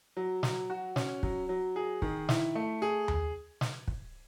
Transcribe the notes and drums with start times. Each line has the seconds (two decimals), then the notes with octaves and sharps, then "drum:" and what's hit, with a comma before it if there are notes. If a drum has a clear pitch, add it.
0.17 F#3
0.43 F#3, drum: snare
0.70 F#4
0.96 C#4, drum: snare
1.23 F#3, drum: kick
1.49 F#3
1.76 G#4
2.02 D#3, drum: kick
2.29 E4, drum: snare
2.55 A3
2.82 G#4
3.08 drum: tom D#2
3.61 drum: snare
3.88 drum: kick